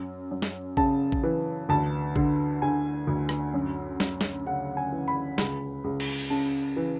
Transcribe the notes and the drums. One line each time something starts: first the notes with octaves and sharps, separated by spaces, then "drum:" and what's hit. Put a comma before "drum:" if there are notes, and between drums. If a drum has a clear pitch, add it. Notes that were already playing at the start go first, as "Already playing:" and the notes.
Already playing: F#2
F#2
drum: snare
C#3 A5, drum: kick A1
drum: kick A1
E3
D2 A5
D3, drum: kick A1
D3 G#5
D2
drum: rim click
F#2
F#2, drum: snare
drum: snare
C#3 F#5
G#5
E3
B5
C#2 B5, drum: snare
C#2
drum: cymbal
C#3 A5
E3